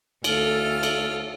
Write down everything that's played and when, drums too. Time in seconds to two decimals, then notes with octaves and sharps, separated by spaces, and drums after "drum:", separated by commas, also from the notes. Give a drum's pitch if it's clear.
0.24 D2 A4 F5 F6, drum: cymbal
0.83 drum: cymbal